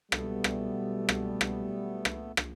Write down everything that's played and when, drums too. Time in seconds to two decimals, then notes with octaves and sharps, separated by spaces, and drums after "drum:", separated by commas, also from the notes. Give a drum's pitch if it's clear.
0.12 B1 B2 G3 A3 B3 A4, drum: rim click
0.44 drum: rim click
1.09 drum: rim click
1.41 drum: rim click
2.05 drum: rim click
2.37 drum: rim click